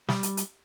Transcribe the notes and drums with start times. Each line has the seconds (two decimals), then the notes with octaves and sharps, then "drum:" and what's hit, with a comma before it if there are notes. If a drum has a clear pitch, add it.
0.09 G3, drum: snare
0.23 drum: hi-hat
0.37 drum: hi-hat